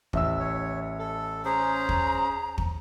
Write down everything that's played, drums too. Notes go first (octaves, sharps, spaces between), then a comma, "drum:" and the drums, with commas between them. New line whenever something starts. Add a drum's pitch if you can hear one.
A1 E5 E6, drum: kick
C#5
A4
C#4 G#4 C5 A#5
drum: kick
drum: kick